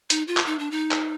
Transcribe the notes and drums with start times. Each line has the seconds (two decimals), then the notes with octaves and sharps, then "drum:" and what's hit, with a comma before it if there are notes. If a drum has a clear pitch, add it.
0.10 D#4, drum: hi-hat
0.28 F4
0.37 drum: clap
0.46 D#4
0.59 D4
0.71 D#4
0.91 drum: clap